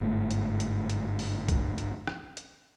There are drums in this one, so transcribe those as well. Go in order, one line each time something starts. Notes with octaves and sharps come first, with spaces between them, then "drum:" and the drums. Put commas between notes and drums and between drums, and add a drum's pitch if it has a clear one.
G1 G#2 A3
drum: hi-hat
drum: hi-hat
drum: hi-hat
drum: open hi-hat
drum: kick, hi-hat
drum: hi-hat
drum: rim click
drum: hi-hat